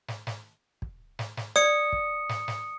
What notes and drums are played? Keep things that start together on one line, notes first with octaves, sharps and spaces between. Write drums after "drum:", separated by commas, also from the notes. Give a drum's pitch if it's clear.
drum: snare
drum: snare
drum: kick
drum: snare
drum: snare
D5 D#6 C#7
drum: kick
drum: snare
drum: snare